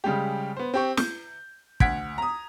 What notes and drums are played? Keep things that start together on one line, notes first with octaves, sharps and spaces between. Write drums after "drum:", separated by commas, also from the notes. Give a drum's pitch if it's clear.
C#3 G3 G#3 G4
B3 C5
C4 G4 C#6
G6, drum: snare
D2 F#5 G#6 B6 D7, drum: kick
A#5 D#6